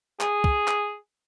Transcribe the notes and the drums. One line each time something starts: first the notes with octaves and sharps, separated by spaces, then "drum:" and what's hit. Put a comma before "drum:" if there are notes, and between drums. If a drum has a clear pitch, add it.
G#4, drum: clap
drum: kick
drum: clap